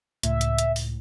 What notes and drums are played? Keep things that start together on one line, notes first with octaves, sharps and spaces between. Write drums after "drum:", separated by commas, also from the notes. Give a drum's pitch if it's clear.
C#2 A2 E5, drum: hi-hat
drum: hi-hat
drum: hi-hat
drum: open hi-hat